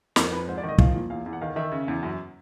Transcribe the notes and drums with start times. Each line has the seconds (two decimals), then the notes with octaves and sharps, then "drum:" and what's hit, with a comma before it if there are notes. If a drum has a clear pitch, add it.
0.16 F2 A#4, drum: snare
0.32 F2 B4
0.48 G#2 C5
0.57 D5
0.63 D#3
0.69 D#5
0.78 F3 F5, drum: kick
0.94 A#2
1.10 E2 F5
1.26 E2
1.33 F#5
1.41 D#3 F5
1.56 D#3 E5
1.72 C#3
1.88 E2
2.03 F#2